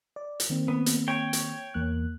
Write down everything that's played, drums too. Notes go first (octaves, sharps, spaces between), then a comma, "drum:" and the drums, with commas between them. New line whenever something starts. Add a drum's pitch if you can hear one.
D5
drum: hi-hat
D#3 A#3 C4
B3
drum: hi-hat
C#5 G5
drum: hi-hat
E2 A#3 F#6